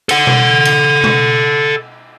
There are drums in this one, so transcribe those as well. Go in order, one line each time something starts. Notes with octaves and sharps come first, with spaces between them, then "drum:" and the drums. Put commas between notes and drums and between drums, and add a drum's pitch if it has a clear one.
A4 F#5, drum: cymbal
drum: tom B2
drum: cymbal
drum: tom